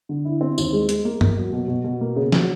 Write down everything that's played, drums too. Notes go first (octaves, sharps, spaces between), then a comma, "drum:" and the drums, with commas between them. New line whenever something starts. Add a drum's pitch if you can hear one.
D3
E4
C4
D#2, drum: tambourine
G#3
G#3, drum: hi-hat
A#3
A#3, drum: tom G2
F#3
B2
B2
B2
A#3
C#3
F#3, drum: snare